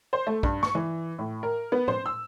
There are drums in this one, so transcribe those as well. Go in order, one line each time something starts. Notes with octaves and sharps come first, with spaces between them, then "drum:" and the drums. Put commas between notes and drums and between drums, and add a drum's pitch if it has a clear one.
C5
A3
G2, drum: kick
C#6, drum: snare
E3
A2
A#4
B3
C5, drum: tom A2
E6